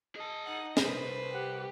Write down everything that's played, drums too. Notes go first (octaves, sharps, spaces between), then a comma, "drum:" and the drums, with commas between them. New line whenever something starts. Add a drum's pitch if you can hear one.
G#4 D#5 A5
D#4 F#5
C2 B4 C5, drum: snare
G4 F#5